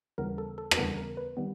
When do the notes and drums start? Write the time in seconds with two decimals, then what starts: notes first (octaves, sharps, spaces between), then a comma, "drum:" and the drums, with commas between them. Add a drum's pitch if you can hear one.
0.18 D#2 C#3 E3 G3 B3 A#4
0.38 A4
0.58 A4
0.71 B4, drum: rim click
0.77 D#2 C#3 E3 G3 B3 A#4
0.98 A#4
1.17 B4
1.37 D#3 G3 B3